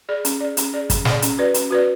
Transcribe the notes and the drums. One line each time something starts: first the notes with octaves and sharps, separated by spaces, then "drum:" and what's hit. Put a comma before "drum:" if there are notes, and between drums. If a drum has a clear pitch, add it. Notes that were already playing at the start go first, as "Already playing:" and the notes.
G#4 D5
C#4, drum: hi-hat
G#4 D5
C#4, drum: hi-hat
G#4 D5
C#4, drum: kick, hi-hat
G#4 D5, drum: snare
C#4, drum: hi-hat
F#4 B4 D5
C#4, drum: hi-hat
F#4 B4 D5